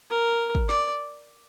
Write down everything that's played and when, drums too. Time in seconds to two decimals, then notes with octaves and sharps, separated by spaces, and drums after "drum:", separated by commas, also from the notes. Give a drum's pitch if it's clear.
0.11 A#4
0.55 drum: kick
0.69 D5, drum: snare